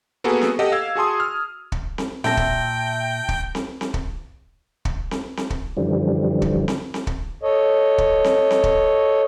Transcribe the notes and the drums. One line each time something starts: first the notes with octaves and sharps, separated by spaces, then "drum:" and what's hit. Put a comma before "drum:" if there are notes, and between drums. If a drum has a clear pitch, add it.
A#3 B3 F#4 G#4 A4 B4
drum: snare C4
G4 A4 D#5 F#5
F5 E6 G#6
F#4 G#4 A5 C6 D#6
F6
drum: kick
drum: snare C4
A#2 E5 G5 A5 A#6, drum: snare C4
drum: kick
drum: kick
drum: snare C4
drum: snare C4
drum: kick
drum: kick
drum: snare C4
drum: snare C4
drum: kick
F#2 D3 E3 F3 G3
drum: kick
drum: snare C4
drum: snare C4
drum: kick
A4 C#5 D#5
drum: kick
drum: snare C4
drum: snare C4
drum: kick